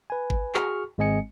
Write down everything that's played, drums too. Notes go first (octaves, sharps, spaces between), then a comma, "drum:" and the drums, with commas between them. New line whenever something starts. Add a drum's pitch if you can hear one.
B4 G#5
drum: kick G#1
F#4 G#4 C#6 F6, drum: clap
G#1 G#3 C4 D#5 G#5 C#7